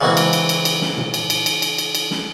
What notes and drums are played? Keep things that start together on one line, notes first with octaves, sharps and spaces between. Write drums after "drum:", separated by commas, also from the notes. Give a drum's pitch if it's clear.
C#3 E3 F#3 G#3 A#3 C4
drum: cymbal
drum: cymbal
drum: cymbal
drum: cymbal
drum: snare
drum: tom A#2
drum: cymbal
drum: cymbal
drum: cymbal
drum: cymbal
drum: cymbal
drum: cymbal
drum: snare